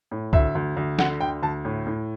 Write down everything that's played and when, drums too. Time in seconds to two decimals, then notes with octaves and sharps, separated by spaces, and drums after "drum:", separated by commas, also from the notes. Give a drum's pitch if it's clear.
0.11 A2
0.33 D2 E5, drum: kick
0.55 D2
0.77 D2
0.99 D3 F#5, drum: snare
1.20 D2 G5
1.43 D2 A5
1.65 A2
1.86 A2